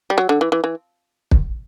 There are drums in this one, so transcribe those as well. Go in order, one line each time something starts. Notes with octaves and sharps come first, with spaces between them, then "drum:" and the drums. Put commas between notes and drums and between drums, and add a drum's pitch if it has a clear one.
G3
F#3
D3
E3
E3
E3
drum: kick